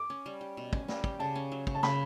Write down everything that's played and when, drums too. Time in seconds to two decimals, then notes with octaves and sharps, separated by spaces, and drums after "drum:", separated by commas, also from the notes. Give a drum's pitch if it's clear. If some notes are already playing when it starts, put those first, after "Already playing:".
Already playing: D6
0.10 C#4
0.26 G3
0.41 G4
0.57 B2
0.73 C#4, drum: kick
0.88 G3, drum: snare
1.04 G4, drum: kick
1.19 C#3 A5
1.35 C#4
1.52 F#3
1.67 C#3, drum: kick
1.75 A5
1.83 C#3 B5, drum: snare